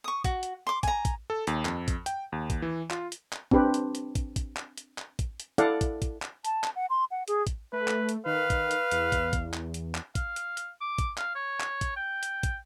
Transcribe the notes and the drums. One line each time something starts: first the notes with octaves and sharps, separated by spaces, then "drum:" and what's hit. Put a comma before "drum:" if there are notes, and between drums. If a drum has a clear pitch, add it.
C#6 D#6
F#4, drum: kick, hi-hat
drum: hi-hat
C6 D6
G#5 A#5, drum: kick, hi-hat
drum: kick, hi-hat
A4
D#2, drum: hi-hat
F2, drum: clap
drum: kick, hi-hat
G5, drum: hi-hat
D#2
drum: kick, hi-hat
E3
F4, drum: clap
drum: hi-hat
drum: clap
C4 D4 G4 B4, drum: kick
drum: hi-hat
drum: hi-hat
drum: kick, hi-hat
drum: kick, hi-hat
drum: clap
drum: hi-hat
drum: clap
drum: kick, hi-hat
drum: hi-hat
E4 A4 D5 F5 F#5, drum: hi-hat
drum: kick, hi-hat
drum: kick, hi-hat
drum: clap
A5, drum: hi-hat
drum: clap
F#5
C6
F#5
G#4, drum: hi-hat
drum: kick, hi-hat
A3 B4
drum: clap
drum: hi-hat
D#3 B4 F5
drum: kick, hi-hat
drum: hi-hat
E2, drum: hi-hat
drum: kick, hi-hat
drum: kick, hi-hat
drum: clap
drum: hi-hat
drum: clap
F5, drum: kick, hi-hat
drum: hi-hat
drum: hi-hat
D6
drum: kick, hi-hat
F5, drum: clap
C#5
drum: clap
drum: kick, hi-hat
G5
drum: hi-hat
drum: kick, hi-hat